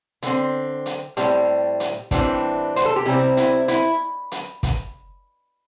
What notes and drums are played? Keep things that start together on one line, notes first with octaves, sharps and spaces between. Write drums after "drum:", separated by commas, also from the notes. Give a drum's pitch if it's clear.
D3 C4, drum: hi-hat
drum: hi-hat
A2 G3 C4, drum: hi-hat
drum: hi-hat
A2 E3 G3 C4 D4, drum: kick, hi-hat
C5, drum: hi-hat
A4
G4
C3 G3 C4 E4
E4, drum: hi-hat
E4, drum: hi-hat
drum: hi-hat
drum: kick, hi-hat